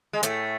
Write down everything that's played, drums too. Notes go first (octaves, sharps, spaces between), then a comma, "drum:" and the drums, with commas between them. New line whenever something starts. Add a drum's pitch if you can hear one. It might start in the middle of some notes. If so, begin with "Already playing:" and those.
G#3
A2 A3, drum: hi-hat